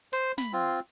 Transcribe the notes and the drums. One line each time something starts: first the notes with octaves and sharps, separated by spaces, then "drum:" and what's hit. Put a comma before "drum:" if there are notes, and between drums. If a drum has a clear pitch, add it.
C5, drum: hi-hat
B5, drum: snare
C4 F4